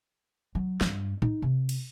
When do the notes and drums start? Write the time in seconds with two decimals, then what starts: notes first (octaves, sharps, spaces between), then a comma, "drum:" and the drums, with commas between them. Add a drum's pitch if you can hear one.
0.55 F#3
0.81 G2, drum: snare
1.22 D#4, drum: tom A2
1.42 C3
1.69 drum: cymbal